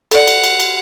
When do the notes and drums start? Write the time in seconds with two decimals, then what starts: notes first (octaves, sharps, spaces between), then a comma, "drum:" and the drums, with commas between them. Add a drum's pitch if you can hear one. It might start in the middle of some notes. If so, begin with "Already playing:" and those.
0.11 A4 D5 F#5, drum: cymbal
0.27 drum: cymbal
0.44 drum: cymbal
0.60 drum: cymbal